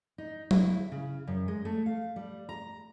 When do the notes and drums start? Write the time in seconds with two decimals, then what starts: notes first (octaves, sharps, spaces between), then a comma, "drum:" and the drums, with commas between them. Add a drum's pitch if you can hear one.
0.18 D#4
0.51 E4, drum: tom F#3
0.92 C#3
1.27 F#2
1.48 G#3
1.65 A3
1.86 F5
2.16 G3
2.49 A#5